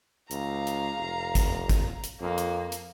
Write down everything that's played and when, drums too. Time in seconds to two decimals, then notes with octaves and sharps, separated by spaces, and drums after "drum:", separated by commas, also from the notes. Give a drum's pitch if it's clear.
0.31 C#2 F5 A#5, drum: hi-hat
0.67 drum: hi-hat
0.98 F1
1.35 drum: kick, hi-hat
1.69 drum: kick, hi-hat
2.04 drum: hi-hat
2.21 F2 A#3
2.38 drum: hi-hat
2.72 drum: hi-hat